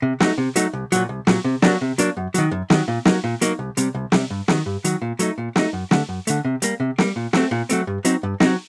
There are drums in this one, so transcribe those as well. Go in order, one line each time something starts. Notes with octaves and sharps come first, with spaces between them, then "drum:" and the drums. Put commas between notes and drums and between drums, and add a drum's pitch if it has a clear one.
C3
F#3 A3 D#4, drum: snare
C3
F#3 A3 D#4, drum: hi-hat
C2
A#2 F#3, drum: hi-hat
C2
A#2 F#3, drum: snare
C3
F#3 A#3 D4, drum: snare
C3
F#3 A#3 D4, drum: hi-hat
F#2
D#3 F#3, drum: hi-hat
F#2
D#3 F#3, drum: snare
A#2
F#3 A#3 D#4, drum: snare
A#2
F#3 A#3 D#4, drum: hi-hat
C2
C3 G3, drum: hi-hat
C2
C3 G3, drum: snare
G2
D#3 F#3, drum: snare
G2
D#3 F#3, drum: hi-hat
A#2
F#3 A3 D#4, drum: hi-hat
A#2
F#3 A3 D#4, drum: snare
F#2
D3 A3, drum: snare
F#2
D3 A3, drum: hi-hat
C3
G3 A#3, drum: hi-hat
C3
G3 A#3, drum: snare
A#2
F#3 A3 C4, drum: snare
A#2
F#3 A3 C4, drum: hi-hat
G2
F#3 C4 D#4, drum: hi-hat
G2
F#3 C4 D#4, drum: snare